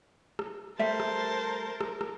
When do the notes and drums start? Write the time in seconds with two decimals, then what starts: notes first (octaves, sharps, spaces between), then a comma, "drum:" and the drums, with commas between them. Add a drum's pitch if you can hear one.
0.39 drum: rim click
0.79 G3 A3 A#4 C5 E5 A5
1.00 drum: rim click
1.81 drum: rim click
2.01 drum: rim click